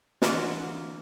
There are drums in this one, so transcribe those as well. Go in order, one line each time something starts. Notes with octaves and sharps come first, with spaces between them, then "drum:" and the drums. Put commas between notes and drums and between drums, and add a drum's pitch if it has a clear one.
D3 E3 A#3 F4 F#4 F#5, drum: snare